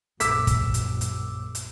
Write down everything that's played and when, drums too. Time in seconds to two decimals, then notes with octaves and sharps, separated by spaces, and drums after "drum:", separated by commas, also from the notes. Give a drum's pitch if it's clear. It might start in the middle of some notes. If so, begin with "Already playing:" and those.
0.20 A#1 F#2 D6 E6 B6, drum: hi-hat
0.47 drum: kick, hi-hat
0.74 drum: hi-hat
1.01 drum: hi-hat
1.55 drum: hi-hat